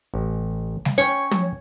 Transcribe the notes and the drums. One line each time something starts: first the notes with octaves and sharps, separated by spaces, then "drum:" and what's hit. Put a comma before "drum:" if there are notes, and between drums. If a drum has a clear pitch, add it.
A1
drum: snare G3
C#4 C#5 G5
drum: tom